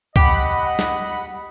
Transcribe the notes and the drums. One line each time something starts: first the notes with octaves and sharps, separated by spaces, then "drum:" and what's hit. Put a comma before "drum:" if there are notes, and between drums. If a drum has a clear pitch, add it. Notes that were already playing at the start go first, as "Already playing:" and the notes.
G4 D#5 F#5 B5, drum: kick
drum: snare